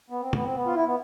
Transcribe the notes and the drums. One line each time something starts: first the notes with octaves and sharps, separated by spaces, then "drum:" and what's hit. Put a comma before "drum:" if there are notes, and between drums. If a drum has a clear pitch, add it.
B3
C4
B3, drum: tom
C4
B3
F4
E4
B3